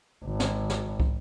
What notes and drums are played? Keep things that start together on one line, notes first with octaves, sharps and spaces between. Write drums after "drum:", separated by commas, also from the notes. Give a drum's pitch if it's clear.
G#1
drum: snare
drum: snare
drum: kick